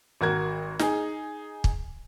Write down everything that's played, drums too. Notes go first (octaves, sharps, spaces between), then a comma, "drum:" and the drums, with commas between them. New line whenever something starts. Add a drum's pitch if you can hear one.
G#1 F#4 A#4 G#6
D#4 G#4, drum: snare
drum: kick